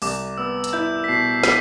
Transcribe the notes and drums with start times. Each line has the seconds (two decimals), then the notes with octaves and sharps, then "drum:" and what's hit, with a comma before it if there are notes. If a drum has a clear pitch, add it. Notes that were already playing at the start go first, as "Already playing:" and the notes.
0.02 C2 D6, drum: open hi-hat
0.38 B3 E6
0.64 drum: hi-hat
0.73 E4 G6
1.04 B6
1.08 B2 C7
1.43 B6, drum: snare